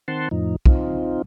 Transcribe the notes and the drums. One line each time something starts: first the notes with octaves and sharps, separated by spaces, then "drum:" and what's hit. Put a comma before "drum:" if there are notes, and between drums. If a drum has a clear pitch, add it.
D#3 C4 F#5 A5 C6
F2 A2 F3 D#4
C4 D#4 F4, drum: kick